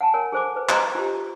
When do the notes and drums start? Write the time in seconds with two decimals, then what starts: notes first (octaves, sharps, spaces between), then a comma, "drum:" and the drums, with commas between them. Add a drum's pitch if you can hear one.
0.01 F#5 G#5 A5
0.14 A#4 C#5 G#5
0.32 G#4 A4 C5 G#5 D6
0.56 B4
0.69 C5 D#5 A#5, drum: clap
0.95 F4 G4